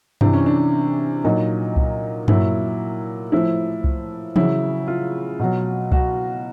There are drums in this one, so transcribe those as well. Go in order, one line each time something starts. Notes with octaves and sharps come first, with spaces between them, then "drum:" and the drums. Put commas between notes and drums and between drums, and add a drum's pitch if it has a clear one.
C3 E3 D4, drum: tom G2
C#4
D4
A#2 F#3 D#4
drum: kick C2
A#2 F#3 E4, drum: tom G2
A2 F3 E4
drum: kick C2
C#3 F#3 E4, drum: tom E3
F4
B2 F#3
F#4, drum: kick C2